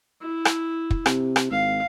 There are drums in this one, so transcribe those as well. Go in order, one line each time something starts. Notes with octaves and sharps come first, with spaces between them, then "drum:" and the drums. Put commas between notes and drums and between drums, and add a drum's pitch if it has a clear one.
E4
drum: rim click
drum: kick
C3, drum: rim click
drum: rim click
G#1 F5